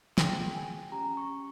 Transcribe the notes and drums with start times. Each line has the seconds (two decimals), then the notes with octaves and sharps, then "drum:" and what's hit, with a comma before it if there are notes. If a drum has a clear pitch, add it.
0.18 C4 F4 G#4 G5, drum: snare
0.55 G#5
0.92 C#4 G4 A#5
1.17 C#6